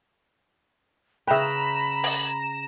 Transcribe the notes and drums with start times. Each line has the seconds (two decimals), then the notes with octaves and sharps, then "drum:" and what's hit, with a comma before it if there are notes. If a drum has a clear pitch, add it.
1.27 C#3 B4 E5 G5 A#5 B5 E7
2.03 drum: open hi-hat